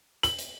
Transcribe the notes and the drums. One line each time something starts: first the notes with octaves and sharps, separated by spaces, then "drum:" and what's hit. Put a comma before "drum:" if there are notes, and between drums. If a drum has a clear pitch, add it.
F#7, drum: hi-hat
drum: hi-hat